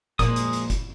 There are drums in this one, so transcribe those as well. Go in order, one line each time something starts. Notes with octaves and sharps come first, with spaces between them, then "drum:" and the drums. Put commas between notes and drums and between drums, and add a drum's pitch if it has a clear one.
A#2 F3 G#3 D#6, drum: kick, hi-hat
drum: hi-hat
drum: hi-hat
drum: kick, hi-hat